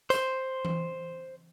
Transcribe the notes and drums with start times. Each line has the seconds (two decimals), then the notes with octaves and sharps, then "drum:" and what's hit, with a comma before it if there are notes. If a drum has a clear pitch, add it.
0.10 C5, drum: hi-hat
0.65 drum: tom E3